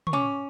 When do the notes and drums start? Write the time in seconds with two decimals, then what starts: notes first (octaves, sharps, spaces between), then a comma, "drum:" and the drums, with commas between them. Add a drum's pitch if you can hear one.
0.07 C#6, drum: tom
0.13 C#4 D6